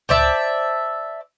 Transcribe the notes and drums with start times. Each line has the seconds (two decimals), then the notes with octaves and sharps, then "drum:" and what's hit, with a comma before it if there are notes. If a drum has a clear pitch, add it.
0.09 C5 D5 E5 A5, drum: tom C#2